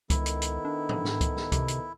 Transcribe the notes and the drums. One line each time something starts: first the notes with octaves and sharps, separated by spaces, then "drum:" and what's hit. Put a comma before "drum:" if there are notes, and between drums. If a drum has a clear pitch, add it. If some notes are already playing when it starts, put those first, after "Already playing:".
C#2 D#3 B3 E4 A4, drum: kick C#2, hi-hat
drum: hi-hat
drum: hi-hat
D4
drum: tom G#2
drum: snare
drum: kick C#2, hi-hat
drum: snare
C3, drum: kick C#2, hi-hat
drum: hi-hat